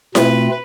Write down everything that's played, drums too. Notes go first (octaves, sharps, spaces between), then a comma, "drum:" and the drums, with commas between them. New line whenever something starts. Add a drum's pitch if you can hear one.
B2 A3 C4 F4 B4, drum: snare E4